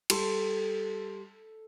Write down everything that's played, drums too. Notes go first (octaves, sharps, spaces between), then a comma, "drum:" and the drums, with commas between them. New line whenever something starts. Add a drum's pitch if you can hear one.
G3 A4 C6, drum: cymbal